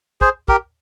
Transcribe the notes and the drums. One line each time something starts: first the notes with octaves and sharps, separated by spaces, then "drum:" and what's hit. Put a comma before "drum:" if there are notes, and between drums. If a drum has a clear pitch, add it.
G#4 C5, drum: kick
G4 A#4, drum: kick